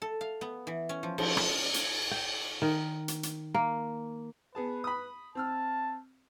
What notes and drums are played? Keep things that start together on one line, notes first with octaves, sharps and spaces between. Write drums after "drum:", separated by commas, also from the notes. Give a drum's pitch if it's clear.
A4
F5
B3
E3
C#4
F3
F3, drum: cymbal
F#5, drum: rim click
drum: hi-hat
G5
D#3
drum: hi-hat
drum: hi-hat
A#3
B3 G#4 B4 A5
B5 D#6
C4 A5 E6 F6